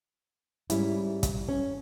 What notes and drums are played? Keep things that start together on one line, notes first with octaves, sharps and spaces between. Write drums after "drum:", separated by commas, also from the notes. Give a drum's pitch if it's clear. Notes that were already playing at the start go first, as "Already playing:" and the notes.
G#2 G3 C#4 E4, drum: hi-hat
drum: kick, hi-hat
C#4